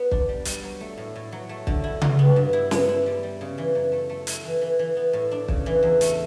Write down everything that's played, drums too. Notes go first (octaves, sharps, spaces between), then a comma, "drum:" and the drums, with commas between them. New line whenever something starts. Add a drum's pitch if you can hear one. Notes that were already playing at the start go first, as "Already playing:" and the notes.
Already playing: B3
D4, drum: kick
G3
G3, drum: hi-hat
F#3
A3
A2
A2
F#3
A3
D3, drum: kick
E4
F#3, drum: tom C#3
B3
G2
E4
B3, drum: snare
E4
G3
G3
C#3
E3
F#2
A3
A3
E4, drum: hi-hat
E3
E3
E3
B3
A2
D4
C#3, drum: kick
E3
E2
A3, drum: hi-hat